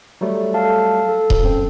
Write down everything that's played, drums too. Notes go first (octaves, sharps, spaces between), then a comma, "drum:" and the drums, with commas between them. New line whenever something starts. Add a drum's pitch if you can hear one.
F#3 G3 A3
A4 F5 A5
A4
drum: kick D#1
F#2 C4